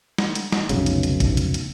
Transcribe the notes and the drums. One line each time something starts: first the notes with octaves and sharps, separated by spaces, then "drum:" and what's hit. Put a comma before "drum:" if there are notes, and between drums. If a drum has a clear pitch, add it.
drum: snare
drum: hi-hat
drum: snare
F1 B1 C#3, drum: hi-hat
drum: hi-hat
drum: hi-hat
drum: kick, hi-hat
drum: hi-hat
drum: hi-hat